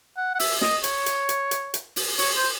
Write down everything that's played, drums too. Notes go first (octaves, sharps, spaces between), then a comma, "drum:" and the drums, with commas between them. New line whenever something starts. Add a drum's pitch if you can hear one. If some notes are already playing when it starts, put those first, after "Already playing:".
F#5
F#5
E5, drum: open hi-hat
D#5, drum: snare
C#5, drum: hi-hat
drum: hi-hat
drum: hi-hat
drum: hi-hat
drum: hi-hat
drum: open hi-hat
C#5, drum: open hi-hat
C5